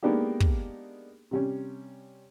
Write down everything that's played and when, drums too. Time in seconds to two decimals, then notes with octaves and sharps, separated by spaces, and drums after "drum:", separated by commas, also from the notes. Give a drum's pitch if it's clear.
0.03 G#3 A#3 B3 D4 D#4 G4
0.40 drum: kick
1.31 C3 G3 C#4